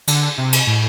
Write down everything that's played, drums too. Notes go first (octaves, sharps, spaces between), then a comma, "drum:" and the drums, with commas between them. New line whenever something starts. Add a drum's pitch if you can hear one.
D3, drum: cymbal
C3
drum: cymbal
A2